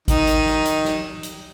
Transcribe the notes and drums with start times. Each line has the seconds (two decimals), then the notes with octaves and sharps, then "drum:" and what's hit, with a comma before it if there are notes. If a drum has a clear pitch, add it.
0.08 D#3 D#4, drum: kick G#1, hi-hat
0.27 drum: hi-hat
0.46 drum: snare
0.65 drum: hi-hat
0.85 drum: snare
1.23 drum: hi-hat